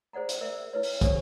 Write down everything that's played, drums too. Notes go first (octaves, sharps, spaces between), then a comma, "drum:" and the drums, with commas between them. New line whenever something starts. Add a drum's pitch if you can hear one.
G#4 C5 D5 F#5 A#5
drum: hi-hat
A#4 D5 E5
E4 B4 C#5
drum: open hi-hat
D4 G4 C5 C#5 G#5, drum: kick, hi-hat